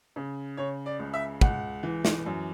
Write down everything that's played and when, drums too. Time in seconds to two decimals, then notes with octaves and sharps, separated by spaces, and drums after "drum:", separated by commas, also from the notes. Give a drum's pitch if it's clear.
0.16 C#3
0.57 C#3 C#5
0.86 D5
0.99 C#2
1.14 E5
1.41 C#2 F#5, drum: kick
1.83 E3
2.05 drum: snare
2.26 F#2